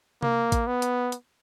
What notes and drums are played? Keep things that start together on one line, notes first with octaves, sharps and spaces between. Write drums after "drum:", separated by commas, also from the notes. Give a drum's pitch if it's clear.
A#3, drum: tom C3
drum: kick A1, hi-hat
B3
drum: hi-hat
drum: hi-hat